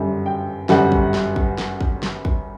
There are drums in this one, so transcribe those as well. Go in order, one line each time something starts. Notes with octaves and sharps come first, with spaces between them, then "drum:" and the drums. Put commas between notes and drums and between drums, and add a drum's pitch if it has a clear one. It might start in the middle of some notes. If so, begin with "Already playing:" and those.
Already playing: G1 F#2 D3 G3
G5
G1 F#2 D3 G3 F#5, drum: snare
drum: kick
drum: snare
drum: kick
drum: snare
drum: kick
drum: snare
drum: kick